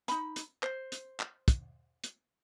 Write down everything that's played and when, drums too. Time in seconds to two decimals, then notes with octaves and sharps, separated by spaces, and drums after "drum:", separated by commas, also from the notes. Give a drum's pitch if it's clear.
0.08 D#4 B5, drum: hi-hat
0.36 drum: hi-hat
0.63 C5, drum: clap
0.92 drum: hi-hat
1.20 drum: clap
1.48 drum: kick, hi-hat
2.04 drum: hi-hat